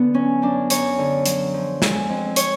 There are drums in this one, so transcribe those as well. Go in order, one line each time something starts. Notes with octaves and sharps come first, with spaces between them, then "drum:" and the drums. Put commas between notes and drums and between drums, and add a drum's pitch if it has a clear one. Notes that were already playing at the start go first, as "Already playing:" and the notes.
Already playing: D3 B3
F#3 C#4
F#2 D4
F#2 C#5, drum: hi-hat
D3
F#3, drum: hi-hat
F3
G#3, drum: snare
F2
C#5, drum: hi-hat